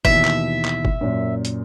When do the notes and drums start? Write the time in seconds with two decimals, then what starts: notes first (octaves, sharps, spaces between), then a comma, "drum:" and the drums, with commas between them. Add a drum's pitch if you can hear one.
0.05 D#2 B2 E3 E5, drum: kick G1
0.25 drum: clap
0.65 drum: clap
0.85 drum: kick G1
1.01 F#2 A#2
1.45 drum: hi-hat